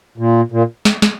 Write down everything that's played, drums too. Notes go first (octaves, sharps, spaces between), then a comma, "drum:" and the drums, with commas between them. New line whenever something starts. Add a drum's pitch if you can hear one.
A#2
A#2
drum: snare
drum: snare